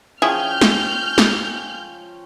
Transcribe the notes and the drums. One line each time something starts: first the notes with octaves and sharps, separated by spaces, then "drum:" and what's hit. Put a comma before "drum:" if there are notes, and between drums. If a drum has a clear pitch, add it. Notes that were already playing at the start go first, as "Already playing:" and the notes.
F3 C#4 E4 G#4 G5 F6 G6
drum: snare
drum: snare